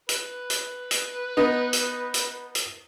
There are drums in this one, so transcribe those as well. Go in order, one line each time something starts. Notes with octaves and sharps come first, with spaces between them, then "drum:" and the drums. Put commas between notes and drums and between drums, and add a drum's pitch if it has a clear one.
B4, drum: hi-hat
drum: hi-hat
drum: hi-hat
B3 D#4
drum: hi-hat
drum: hi-hat
drum: hi-hat